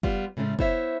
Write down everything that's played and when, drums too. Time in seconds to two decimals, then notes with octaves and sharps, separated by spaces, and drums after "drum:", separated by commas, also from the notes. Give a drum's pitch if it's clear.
0.03 G3 B3 F4, drum: kick
0.37 A2 C#3 G#3 A3 C#4
0.59 B3 E4 C5 C#5 E5, drum: kick